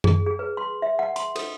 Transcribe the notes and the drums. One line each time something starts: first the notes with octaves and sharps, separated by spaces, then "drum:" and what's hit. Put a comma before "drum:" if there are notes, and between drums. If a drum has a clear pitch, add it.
G#4, drum: tom F#2
G#4
B4
C6
E5
F#5
C6, drum: hi-hat
A4, drum: cymbal